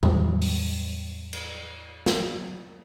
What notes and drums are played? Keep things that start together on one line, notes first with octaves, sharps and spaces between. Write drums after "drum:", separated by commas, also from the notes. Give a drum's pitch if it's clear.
E2 A2 G3, drum: tom D#3
drum: open hi-hat
drum: cymbal
drum: snare